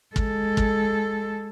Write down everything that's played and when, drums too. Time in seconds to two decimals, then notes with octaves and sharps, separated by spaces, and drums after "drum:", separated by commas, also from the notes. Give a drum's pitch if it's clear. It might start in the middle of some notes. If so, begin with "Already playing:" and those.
0.16 G#3 A4, drum: kick
0.57 drum: kick